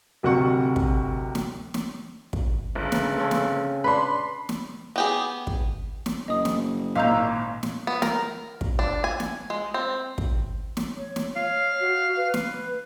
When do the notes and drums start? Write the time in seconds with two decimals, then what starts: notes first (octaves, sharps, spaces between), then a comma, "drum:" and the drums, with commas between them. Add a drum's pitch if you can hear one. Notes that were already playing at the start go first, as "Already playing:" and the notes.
0.23 D1 C3 F#4 F#5 C#6
0.76 drum: kick
1.35 drum: snare
1.74 drum: snare
2.33 drum: kick
2.75 G1 C#3
2.92 drum: snare
3.18 C4 C#4 A4
3.31 drum: snare
3.84 D4 B4 B5 C6
4.49 drum: snare
4.96 B3 G4 G#4
5.47 drum: kick
6.06 drum: snare
6.28 F#1 D#5 D#6
6.45 drum: snare
6.95 G#1 A#2 D#5 F5 A#5 E6 G6 F7
7.63 drum: snare
7.87 B3
8.02 A#4, drum: snare
8.61 drum: kick
8.79 D4
9.04 G#5
9.20 drum: snare
9.50 G#3
9.74 C4
10.18 drum: kick
10.77 drum: snare
10.97 C#5
11.16 drum: snare
11.36 C#5 F5
11.80 F#4
12.17 B4
12.34 drum: snare